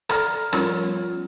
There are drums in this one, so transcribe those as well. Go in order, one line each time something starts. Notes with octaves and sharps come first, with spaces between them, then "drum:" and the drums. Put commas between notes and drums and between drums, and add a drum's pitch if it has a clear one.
A4 D5 A#5 F6, drum: rim click
F3 G3 C#4 F4 A#4, drum: rim click
B3